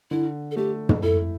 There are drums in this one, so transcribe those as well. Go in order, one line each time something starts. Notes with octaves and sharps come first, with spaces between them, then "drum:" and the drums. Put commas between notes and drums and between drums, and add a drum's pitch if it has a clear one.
D3 E4
A4
A3 G4
drum: tom
E4 A4